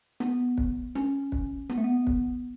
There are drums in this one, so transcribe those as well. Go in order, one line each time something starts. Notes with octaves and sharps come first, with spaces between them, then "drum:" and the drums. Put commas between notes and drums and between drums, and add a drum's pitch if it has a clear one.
B3, drum: snare
drum: kick
C#4, drum: snare
drum: kick
B3, drum: snare
A3
B3
drum: kick